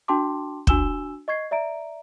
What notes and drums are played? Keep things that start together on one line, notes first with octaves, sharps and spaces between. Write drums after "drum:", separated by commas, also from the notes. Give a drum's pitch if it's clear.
D4 F#4 G5 A5 C6 D6
D4 F#4 G#5 E6 E7 G7, drum: kick
D#5 C#6 G#6 C7
D5 E5 A#5 D7